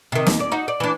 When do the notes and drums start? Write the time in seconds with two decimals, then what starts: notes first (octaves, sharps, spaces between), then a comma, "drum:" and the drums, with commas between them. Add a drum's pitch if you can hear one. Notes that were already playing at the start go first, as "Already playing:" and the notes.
0.12 C3 D#3
0.26 D#2, drum: snare
0.39 D#2 D5
0.52 D#4 F#4
0.68 D5
0.80 E3 D4